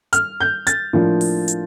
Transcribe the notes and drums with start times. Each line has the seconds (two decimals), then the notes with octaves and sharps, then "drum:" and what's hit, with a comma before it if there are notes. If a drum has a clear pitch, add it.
0.13 F6, drum: hi-hat
0.40 G6
0.67 A6, drum: hi-hat
0.93 A2 F3 A#3 D4 F4
1.21 drum: open hi-hat
1.48 drum: hi-hat